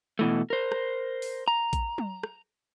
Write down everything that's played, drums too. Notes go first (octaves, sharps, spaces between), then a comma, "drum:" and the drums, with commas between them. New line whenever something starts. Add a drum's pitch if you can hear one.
B2 E3 A3
A#4 C5
drum: rim click
drum: open hi-hat
A#5
drum: kick A#1, hi-hat
drum: tom F#3
drum: rim click